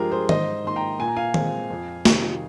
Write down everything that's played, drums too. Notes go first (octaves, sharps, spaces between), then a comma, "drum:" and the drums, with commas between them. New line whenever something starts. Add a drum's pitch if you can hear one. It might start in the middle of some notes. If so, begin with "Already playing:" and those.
Already playing: G2 F3 G#3 F4 G4 G#4 A#4
G#4 C5
G#2 C5 D#5, drum: tom D#3
D#3 A#3 C6
G5 A#5
A#2 G#5
A#5
F5 G#5
G#3 C4, drum: tom D#3
F2
C3 D#3 G3, drum: snare